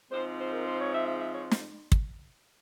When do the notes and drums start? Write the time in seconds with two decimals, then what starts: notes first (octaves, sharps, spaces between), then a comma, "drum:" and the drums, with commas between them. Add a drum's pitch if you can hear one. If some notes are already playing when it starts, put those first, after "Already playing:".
0.11 G#2 F3 G#3 C4 C5
0.37 C5
0.51 A#4
0.65 C5
0.78 C#5
0.91 E5
1.04 E5
1.18 E5
1.32 C#5
1.51 drum: snare
1.92 drum: kick